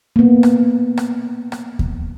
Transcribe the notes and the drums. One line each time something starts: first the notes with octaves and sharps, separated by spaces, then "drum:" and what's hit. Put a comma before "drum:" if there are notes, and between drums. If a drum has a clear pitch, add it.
A#3 B3
drum: rim click
drum: rim click
drum: rim click
drum: kick D#2